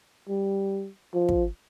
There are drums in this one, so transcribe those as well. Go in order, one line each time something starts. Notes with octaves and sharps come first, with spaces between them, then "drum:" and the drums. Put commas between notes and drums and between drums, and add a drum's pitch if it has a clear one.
G3
F3
drum: kick